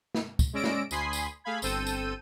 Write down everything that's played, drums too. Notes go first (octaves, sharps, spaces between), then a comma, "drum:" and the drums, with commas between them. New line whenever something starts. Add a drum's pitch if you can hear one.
drum: snare
drum: kick, tambourine
G#3 C#4 D5 E6 A#6 D7
drum: snare
D2 G#5 B5 C6 D#6 C7, drum: tambourine
drum: tambourine
A3 G#4 F5 B5 G#6
G1 C4 A4 E6 G6 D#7, drum: tambourine
drum: tambourine